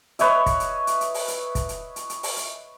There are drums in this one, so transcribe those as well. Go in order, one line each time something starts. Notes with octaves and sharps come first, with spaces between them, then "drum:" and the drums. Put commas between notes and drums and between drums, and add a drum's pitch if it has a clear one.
B4 C#5 D#5 E5, drum: hi-hat
drum: kick, hi-hat
drum: hi-hat
drum: hi-hat
drum: hi-hat
drum: open hi-hat
drum: hi-hat
drum: kick, hi-hat
drum: hi-hat
drum: hi-hat
drum: hi-hat
drum: open hi-hat
drum: hi-hat